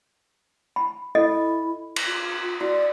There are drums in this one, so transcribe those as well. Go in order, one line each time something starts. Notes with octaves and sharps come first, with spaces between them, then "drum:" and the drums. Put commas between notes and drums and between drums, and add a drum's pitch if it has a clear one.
B5
E4 A4 D#5
drum: cymbal
F4
F#4 D5